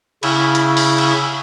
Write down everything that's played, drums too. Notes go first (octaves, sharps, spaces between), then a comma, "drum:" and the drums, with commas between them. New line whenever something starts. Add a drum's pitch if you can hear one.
C#3 E4, drum: cymbal
drum: hi-hat
drum: open hi-hat
drum: cymbal